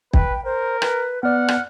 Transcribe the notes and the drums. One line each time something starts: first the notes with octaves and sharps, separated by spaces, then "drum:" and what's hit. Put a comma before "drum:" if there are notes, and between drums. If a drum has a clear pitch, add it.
B4 G5, drum: kick
A#4 C5
B4, drum: rim click
B3 D5 F#5 F6
drum: rim click